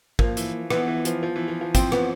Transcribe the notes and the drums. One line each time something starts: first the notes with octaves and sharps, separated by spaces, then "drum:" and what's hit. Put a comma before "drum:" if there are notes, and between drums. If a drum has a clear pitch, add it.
F3 A#3, drum: kick
E3, drum: hi-hat
E3 B3, drum: rim click
E3
F3, drum: hi-hat
F3
E3
F3
F3
F3 C4, drum: kick, hi-hat
B3, drum: rim click